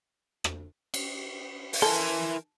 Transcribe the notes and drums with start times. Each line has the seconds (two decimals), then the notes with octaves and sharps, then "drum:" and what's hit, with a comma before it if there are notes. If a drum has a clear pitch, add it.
0.44 drum: rim click
0.94 drum: cymbal
1.73 drum: open hi-hat
1.82 E3 A4 A#4 G#5 C6